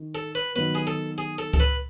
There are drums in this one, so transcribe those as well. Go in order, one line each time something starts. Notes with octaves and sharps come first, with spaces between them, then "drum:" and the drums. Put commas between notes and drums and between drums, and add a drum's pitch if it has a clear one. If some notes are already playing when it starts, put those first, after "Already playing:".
Already playing: D#3
A4
B4
D#3 F#3 B3 B4
G#4
A4
G#4
A4
A4, drum: kick C#2
B4